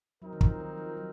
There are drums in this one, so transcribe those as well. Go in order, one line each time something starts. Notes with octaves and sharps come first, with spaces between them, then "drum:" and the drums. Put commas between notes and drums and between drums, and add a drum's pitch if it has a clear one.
F#3 C4 D#4 A#4
D#3
F3, drum: kick
D#3
F3
F#3